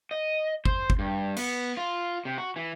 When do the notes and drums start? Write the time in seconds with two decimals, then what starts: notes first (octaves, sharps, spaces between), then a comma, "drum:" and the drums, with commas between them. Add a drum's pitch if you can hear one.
0.11 D#5
0.65 C5, drum: kick
0.90 drum: kick
0.99 G2
1.37 B3, drum: cymbal
1.77 F4
2.25 C3
2.38 F#4
2.56 E3